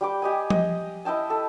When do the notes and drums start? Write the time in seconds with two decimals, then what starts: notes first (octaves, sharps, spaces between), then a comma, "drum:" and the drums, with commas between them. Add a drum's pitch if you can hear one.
0.01 G3 G5 D6
0.22 G4 D#5 G#5
0.50 D#5, drum: tom F3
1.05 E4 D#5 G5 A5
1.30 A4